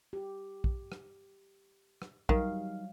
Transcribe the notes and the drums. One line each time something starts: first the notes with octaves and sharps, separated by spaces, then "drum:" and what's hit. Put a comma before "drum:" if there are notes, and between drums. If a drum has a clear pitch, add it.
G4
drum: kick A#1
drum: rim click
drum: rim click
D#3 F#3 G3 F5, drum: kick A#1